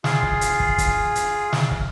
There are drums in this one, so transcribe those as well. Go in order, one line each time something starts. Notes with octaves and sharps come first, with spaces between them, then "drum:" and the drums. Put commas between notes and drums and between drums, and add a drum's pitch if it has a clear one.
F4 G#4, drum: snare
drum: kick
drum: hi-hat
drum: kick
drum: kick, hi-hat
drum: hi-hat
drum: snare
drum: kick